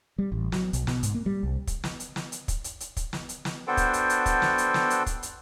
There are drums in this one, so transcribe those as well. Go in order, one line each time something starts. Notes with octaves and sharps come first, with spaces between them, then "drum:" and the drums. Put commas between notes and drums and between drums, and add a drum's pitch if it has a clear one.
G3
A1
F#3, drum: snare
B1, drum: hi-hat
B2, drum: snare
G#2, drum: hi-hat
A#3
G3
C2
drum: kick, hi-hat
drum: snare
drum: hi-hat
drum: snare
drum: hi-hat
drum: kick, hi-hat
drum: hi-hat
drum: hi-hat
drum: kick, hi-hat
drum: snare
drum: hi-hat
drum: snare
B3 D4 F#4 A4 C5 G5
drum: kick, hi-hat
drum: hi-hat
drum: hi-hat
drum: kick, hi-hat
drum: snare
drum: hi-hat
drum: snare
drum: hi-hat
drum: kick, hi-hat
drum: hi-hat